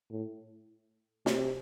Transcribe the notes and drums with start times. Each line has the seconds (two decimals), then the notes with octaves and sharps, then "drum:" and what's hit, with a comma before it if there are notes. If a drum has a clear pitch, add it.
0.10 A2
1.26 C3, drum: snare